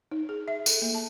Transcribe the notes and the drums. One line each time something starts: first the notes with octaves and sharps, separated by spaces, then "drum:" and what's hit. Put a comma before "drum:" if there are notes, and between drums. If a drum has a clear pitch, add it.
D#4
G#4
E5
A4, drum: tambourine
A#3
A5